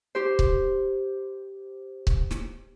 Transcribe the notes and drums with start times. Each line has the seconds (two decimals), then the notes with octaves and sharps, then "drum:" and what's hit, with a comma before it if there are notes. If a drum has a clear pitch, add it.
0.15 G4 C5
0.39 drum: kick C#1
2.07 drum: kick C#1
2.31 drum: snare